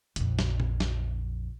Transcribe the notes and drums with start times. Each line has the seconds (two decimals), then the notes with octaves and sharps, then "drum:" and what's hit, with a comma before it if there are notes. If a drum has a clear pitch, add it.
0.16 A#1 F2, drum: hi-hat
0.39 drum: snare
0.60 drum: tom A#2
0.80 drum: snare